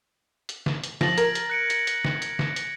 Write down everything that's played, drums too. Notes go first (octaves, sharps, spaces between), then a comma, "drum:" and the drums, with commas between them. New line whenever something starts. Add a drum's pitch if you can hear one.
drum: hi-hat
drum: snare
drum: hi-hat
F3 A6 A#6 F#7, drum: snare
A#4 G#6, drum: hi-hat
drum: hi-hat
F#6 C#7 D7
drum: hi-hat
drum: hi-hat
drum: snare
drum: hi-hat
drum: snare
drum: hi-hat